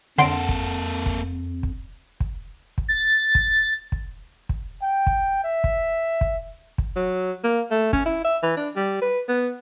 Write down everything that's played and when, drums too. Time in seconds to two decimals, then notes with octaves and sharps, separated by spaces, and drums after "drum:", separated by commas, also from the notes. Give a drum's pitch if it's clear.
0.18 F2 D3 A#3 A4 E5 F#5 C6 D7
0.49 drum: kick
1.06 drum: kick
1.63 drum: kick
2.20 drum: kick
2.78 drum: kick
2.89 A6
3.35 drum: kick
3.92 drum: kick
4.49 drum: kick
4.82 G5
5.07 drum: kick
5.44 E5
5.64 drum: kick
6.21 drum: kick
6.78 drum: kick
6.96 F#3
7.44 A#3
7.71 A3
7.93 C#4, drum: kick
8.06 E4
8.24 E5
8.43 E3
8.57 D4
8.76 G3
9.01 B4
9.28 B3